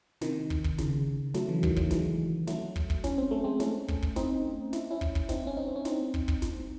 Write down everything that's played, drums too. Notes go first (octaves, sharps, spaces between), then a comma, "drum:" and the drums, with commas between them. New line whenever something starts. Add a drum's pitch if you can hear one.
C3 D#3, drum: snare
drum: kick
drum: kick
C#3, drum: snare
F#3 A3, drum: snare
C#3 E3
D#3 F#3, drum: kick
D#3 F#3, drum: kick
E3 G#3, drum: snare
F#3 A3, drum: snare
drum: kick
drum: kick
C#4, drum: snare
C4
A3
G#3 C4
A3 C#4, drum: snare
drum: kick
drum: kick
C4 D#4, drum: snare
E4, drum: snare
C#4 E4
drum: kick
drum: kick
C4 D#4, drum: snare
C#4
C4 D#4
C4
C#4
C4 D#4, drum: snare
drum: kick
drum: kick
drum: snare